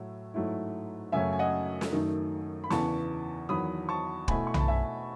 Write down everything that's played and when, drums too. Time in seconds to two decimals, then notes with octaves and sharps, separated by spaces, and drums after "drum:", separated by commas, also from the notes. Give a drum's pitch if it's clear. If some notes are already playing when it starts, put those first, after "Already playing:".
Already playing: A2 F#3 A3 E4
0.34 G#2 F#3 A3 E4
1.12 F#2 C#3 F#3 A3 C#4 E5 G#5
1.33 G#5
1.39 D#5 F#5
1.81 drum: snare
1.92 F#2 D#3 A3 D#4
2.64 B5
2.70 E2 C#3 E3 B3 A5 C#6, drum: snare
3.49 E2 D#3 F#3 B5 D#6
3.89 A5 C#6
4.28 B2 A3 E4 G#5 B5, drum: kick
4.47 C#6
4.54 B5, drum: tom B1
4.60 A5
4.68 E5 G#5